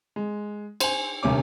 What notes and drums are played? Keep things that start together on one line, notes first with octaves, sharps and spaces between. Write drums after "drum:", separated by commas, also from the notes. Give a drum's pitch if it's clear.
G#3
C5 G#5, drum: cymbal
D#1 D2 C3 C#4 D6